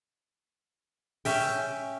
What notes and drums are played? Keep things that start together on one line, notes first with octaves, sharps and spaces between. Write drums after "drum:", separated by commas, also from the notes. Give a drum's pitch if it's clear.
C#4 E5 G5, drum: open hi-hat